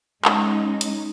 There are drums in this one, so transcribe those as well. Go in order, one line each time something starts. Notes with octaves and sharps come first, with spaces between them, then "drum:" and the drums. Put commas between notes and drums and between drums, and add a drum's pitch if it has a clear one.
G#3 C#4 D#4, drum: clap
drum: hi-hat